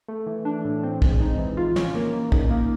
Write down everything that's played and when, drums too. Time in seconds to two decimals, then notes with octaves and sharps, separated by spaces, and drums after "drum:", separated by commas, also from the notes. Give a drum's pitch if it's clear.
0.08 A3
0.27 E3
0.45 D4
0.65 A2
0.83 C4
1.02 G#3, drum: kick
1.20 D#4
1.38 E3
1.57 F4
1.76 C#4, drum: snare
1.95 A#3
2.13 A#3
2.32 D#4, drum: kick
2.50 A#3